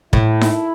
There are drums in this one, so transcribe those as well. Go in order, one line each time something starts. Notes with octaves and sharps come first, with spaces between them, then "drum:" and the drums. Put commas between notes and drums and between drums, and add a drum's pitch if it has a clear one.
A2 E4, drum: kick
drum: snare D#4